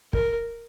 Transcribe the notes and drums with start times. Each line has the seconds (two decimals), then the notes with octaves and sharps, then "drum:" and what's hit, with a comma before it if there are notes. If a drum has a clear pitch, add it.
0.13 A#4, drum: kick